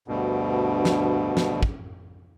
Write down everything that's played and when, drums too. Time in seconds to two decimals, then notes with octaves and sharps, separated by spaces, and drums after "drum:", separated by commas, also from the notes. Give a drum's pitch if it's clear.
0.08 D2 G2 B2
0.85 drum: snare
1.37 drum: snare
1.63 drum: kick